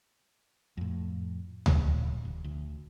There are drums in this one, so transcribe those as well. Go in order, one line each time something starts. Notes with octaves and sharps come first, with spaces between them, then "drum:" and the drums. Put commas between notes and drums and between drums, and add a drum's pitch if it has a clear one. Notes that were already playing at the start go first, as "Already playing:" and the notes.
F2 A2
D1 A#1, drum: tom D2
D#1
D2